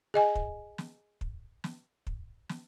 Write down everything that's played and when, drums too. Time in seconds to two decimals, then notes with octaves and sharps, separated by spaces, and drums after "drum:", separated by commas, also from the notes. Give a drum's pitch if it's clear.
0.14 G#4 D#5 G#5
0.35 drum: kick
0.78 drum: snare
1.21 drum: kick
1.64 drum: snare
2.07 drum: kick
2.49 drum: snare